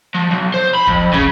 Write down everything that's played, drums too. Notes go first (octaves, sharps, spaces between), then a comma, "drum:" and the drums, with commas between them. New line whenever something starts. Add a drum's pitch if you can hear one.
F3
B1
C5
B5
F2, drum: kick
C#3, drum: kick